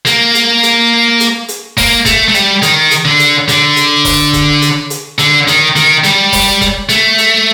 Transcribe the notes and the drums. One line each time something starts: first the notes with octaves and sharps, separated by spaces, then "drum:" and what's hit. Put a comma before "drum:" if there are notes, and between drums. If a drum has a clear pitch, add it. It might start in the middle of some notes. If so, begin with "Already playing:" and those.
A#3, drum: hi-hat
drum: hi-hat
drum: hi-hat
drum: hi-hat
drum: hi-hat
A#3, drum: kick E1, open hi-hat
A3, drum: kick E1, hi-hat
A3
G3, drum: hi-hat
D#3, drum: hi-hat
drum: hi-hat
D3
drum: hi-hat
D3, drum: hi-hat
drum: hi-hat
drum: kick E1, open hi-hat
drum: kick E1, hi-hat
drum: hi-hat
drum: hi-hat
D3, drum: hi-hat
D#3, drum: hi-hat
D#3, drum: hi-hat
G3, drum: hi-hat
drum: kick E1, open hi-hat
drum: kick E1, hi-hat
A3, drum: hi-hat
drum: hi-hat